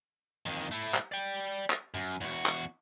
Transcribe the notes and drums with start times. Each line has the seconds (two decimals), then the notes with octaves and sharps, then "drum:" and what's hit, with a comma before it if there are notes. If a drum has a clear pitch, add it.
0.46 F2 D#3
0.71 A3 E4
0.94 drum: clap
1.12 D5 G5
1.70 drum: clap
1.94 F#2
2.21 E2 F#4
2.46 drum: clap